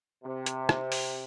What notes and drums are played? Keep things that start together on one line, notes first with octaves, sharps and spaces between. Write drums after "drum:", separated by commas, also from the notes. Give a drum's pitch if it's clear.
C3
drum: hi-hat
drum: rim click
drum: open hi-hat